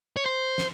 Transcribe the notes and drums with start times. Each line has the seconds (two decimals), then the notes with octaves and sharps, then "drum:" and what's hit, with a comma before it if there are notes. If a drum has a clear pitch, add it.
0.17 C#5
0.26 C5
0.58 drum: snare